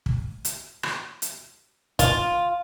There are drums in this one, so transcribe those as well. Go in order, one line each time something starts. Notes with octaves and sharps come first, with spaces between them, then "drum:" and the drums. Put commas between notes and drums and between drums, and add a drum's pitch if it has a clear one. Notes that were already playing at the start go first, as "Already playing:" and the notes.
drum: kick
drum: hi-hat
drum: rim click
drum: hi-hat
F4, drum: kick, hi-hat